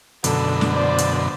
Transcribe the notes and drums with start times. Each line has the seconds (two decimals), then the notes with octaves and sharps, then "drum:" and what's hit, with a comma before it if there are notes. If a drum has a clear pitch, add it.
0.24 F#2 B2 D3 A4, drum: hi-hat
0.61 drum: snare
0.74 C5 D5
0.98 drum: hi-hat